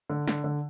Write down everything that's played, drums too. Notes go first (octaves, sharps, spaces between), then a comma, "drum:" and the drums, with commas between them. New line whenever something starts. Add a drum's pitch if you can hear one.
D3
D3, drum: snare
D3